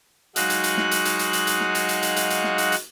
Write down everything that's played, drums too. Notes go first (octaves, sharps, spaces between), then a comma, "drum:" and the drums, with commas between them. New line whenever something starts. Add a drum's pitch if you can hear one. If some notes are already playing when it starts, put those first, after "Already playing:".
F#3 G#3 D#4 F#4 F5 F#6, drum: hi-hat
drum: hi-hat
drum: hi-hat
drum: snare
drum: hi-hat
drum: hi-hat
drum: hi-hat
drum: hi-hat
drum: hi-hat
drum: snare
drum: hi-hat
drum: hi-hat
drum: hi-hat
drum: hi-hat
drum: hi-hat
drum: snare
drum: hi-hat
drum: hi-hat